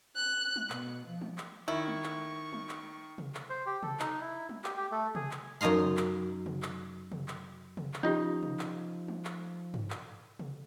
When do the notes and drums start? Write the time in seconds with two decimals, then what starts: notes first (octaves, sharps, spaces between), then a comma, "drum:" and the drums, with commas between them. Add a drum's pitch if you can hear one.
0.15 F#6
0.56 drum: tom G3
0.70 B2, drum: clap
1.07 F3
1.22 drum: tom G3
1.38 drum: clap
1.68 D#3 E4 C#6
1.87 drum: tom G3
2.03 drum: clap
2.53 drum: tom G3
2.69 drum: clap
3.18 drum: tom C3
3.35 drum: clap
3.50 C5
3.66 G4
3.83 A4, drum: tom C3
4.00 D#4, drum: clap
4.21 E4
4.49 drum: tom G3
4.64 G4, drum: clap
4.77 G4
4.92 A3
5.15 G#4, drum: tom C3
5.31 drum: clap
5.61 F#2 D#4 D#5 F5 C6
5.81 drum: tom C3
5.97 drum: clap
6.46 drum: tom C3
6.62 drum: clap
7.12 drum: tom C3
7.28 drum: clap
7.77 drum: tom C3
7.94 drum: clap
8.03 F3 C#4 D#4 F4 G4 D#5
8.43 drum: tom C3
8.59 drum: clap
9.08 drum: tom G3
9.25 drum: clap
9.74 drum: tom G2
9.90 drum: clap
10.40 drum: tom C3